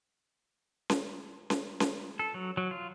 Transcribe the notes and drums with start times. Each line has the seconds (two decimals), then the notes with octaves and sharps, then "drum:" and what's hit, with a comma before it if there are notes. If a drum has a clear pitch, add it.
0.90 drum: snare C#4
1.50 drum: snare C#4
1.80 drum: snare C#4
2.19 A4
2.34 F#3
2.57 F#3
2.71 F4